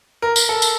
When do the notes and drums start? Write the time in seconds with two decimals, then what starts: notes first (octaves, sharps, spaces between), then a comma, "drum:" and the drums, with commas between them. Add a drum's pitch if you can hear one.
0.22 A#4
0.36 drum: tambourine
0.49 A4
0.62 drum: tambourine